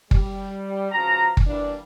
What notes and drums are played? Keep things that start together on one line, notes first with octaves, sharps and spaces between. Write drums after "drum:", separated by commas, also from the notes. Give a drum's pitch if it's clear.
G3, drum: kick
C#2 F3 F#4 A#5
drum: kick
E3 G3 A#3 D4